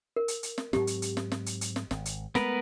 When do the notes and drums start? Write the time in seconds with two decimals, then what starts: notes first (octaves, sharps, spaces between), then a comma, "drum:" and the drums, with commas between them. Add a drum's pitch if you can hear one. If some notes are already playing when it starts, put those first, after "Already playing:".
0.16 A#4
0.28 drum: hi-hat
0.43 drum: hi-hat
0.58 drum: snare
0.73 G#2 F#3 C4 G4, drum: snare
0.87 drum: hi-hat
1.02 drum: hi-hat
1.17 drum: snare
1.32 drum: snare
1.46 drum: hi-hat
1.61 drum: hi-hat
1.76 drum: snare
1.91 G#1, drum: snare
2.05 drum: hi-hat
2.35 G#3 A3 B3 A#4 B4, drum: snare